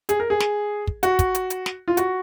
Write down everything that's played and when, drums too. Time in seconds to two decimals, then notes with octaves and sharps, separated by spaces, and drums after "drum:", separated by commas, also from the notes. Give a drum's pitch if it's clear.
0.09 G#4, drum: hi-hat
0.20 A#4
0.30 G#4
0.40 drum: snare
0.87 drum: kick
1.03 F#4, drum: hi-hat
1.19 drum: kick, hi-hat
1.35 drum: hi-hat
1.50 drum: hi-hat
1.66 drum: snare
1.88 F4
1.97 F#4, drum: hi-hat